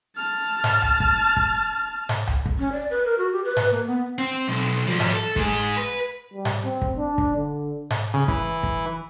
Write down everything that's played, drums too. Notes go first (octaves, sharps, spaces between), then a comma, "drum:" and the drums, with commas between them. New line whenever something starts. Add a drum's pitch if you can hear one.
A5 F6
drum: snare G#2
drum: tom C2
drum: kick
drum: kick
drum: snare G#2
drum: tom C2
drum: kick
C#4
D5
B4
A#4
F#4
G4
B4
B4, drum: snare G#2
A#3
B3
C4
B1
F3 G3
drum: snare G#2
A4
G#2 G#4, drum: kick
B4
G3
drum: snare G#2
C4
drum: kick
D4
drum: kick
D3
drum: snare G#2
C#3
E3, drum: kick
drum: kick